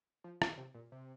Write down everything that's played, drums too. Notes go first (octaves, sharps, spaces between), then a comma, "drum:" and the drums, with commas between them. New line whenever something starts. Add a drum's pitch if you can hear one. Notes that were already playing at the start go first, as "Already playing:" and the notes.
F3
D#3, drum: rim click
C3
A#2
C3